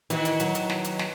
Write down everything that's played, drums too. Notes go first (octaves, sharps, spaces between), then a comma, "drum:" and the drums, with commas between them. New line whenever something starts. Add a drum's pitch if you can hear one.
D#3 E3 F#4 B4, drum: hi-hat
drum: hi-hat
F#3, drum: hi-hat
drum: hi-hat
drum: snare
drum: hi-hat
drum: snare